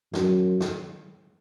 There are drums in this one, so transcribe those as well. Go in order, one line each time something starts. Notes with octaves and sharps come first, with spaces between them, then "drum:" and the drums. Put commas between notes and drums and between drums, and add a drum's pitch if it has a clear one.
F#2, drum: snare
drum: snare